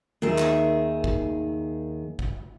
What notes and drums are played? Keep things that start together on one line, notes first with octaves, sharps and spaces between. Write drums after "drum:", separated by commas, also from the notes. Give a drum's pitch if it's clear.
D#2 D#3 G#4 E5
drum: clap
drum: kick
drum: kick